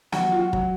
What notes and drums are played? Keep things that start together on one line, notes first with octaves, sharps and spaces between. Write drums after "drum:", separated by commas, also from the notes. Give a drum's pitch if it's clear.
F#3 F#4, drum: snare
F4
F#4
F#3, drum: kick